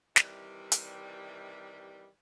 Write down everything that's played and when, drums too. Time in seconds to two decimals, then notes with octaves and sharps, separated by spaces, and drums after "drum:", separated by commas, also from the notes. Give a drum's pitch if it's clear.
0.16 C3 D#3 E3 G3, drum: snare
0.72 drum: hi-hat